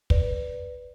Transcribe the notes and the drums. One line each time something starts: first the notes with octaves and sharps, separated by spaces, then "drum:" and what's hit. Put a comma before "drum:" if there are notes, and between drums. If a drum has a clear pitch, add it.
B4 D5, drum: kick